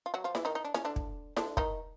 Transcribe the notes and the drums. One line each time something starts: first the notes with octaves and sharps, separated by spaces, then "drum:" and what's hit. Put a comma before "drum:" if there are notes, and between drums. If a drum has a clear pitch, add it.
F4
F#3 F#4
F3 F4
E3 E4, drum: snare E4
D#3 D#4
D#4
D4
C#4, drum: snare E4
D3 D4
drum: kick
D3 D4, drum: snare E4
D#3 D#4, drum: kick